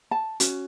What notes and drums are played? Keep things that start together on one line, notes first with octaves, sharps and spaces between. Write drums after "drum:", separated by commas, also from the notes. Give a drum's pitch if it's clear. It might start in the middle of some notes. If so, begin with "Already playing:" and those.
A5
C#4 F#4, drum: hi-hat